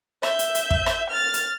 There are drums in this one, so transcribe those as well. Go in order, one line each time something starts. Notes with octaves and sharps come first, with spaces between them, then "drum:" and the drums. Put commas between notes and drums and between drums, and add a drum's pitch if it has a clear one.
E5 G6, drum: rim click
drum: hi-hat
drum: hi-hat
drum: kick
drum: rim click
F6 A6
drum: hi-hat